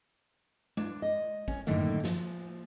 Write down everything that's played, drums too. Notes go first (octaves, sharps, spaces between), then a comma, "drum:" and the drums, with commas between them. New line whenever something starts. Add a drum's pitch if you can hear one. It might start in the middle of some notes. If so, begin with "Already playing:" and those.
D4, drum: tom G#3
D#5
C#4, drum: kick A1
F#2 A2 D3 D#3 A#3
F3, drum: snare